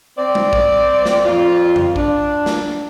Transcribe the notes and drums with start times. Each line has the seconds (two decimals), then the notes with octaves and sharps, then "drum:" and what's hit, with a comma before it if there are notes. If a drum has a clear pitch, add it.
0.18 C4 D5
0.35 drum: tom G3
0.53 drum: kick
1.06 drum: snare
1.25 F2 F4
1.76 drum: tom F2
1.96 D4, drum: kick
2.46 drum: snare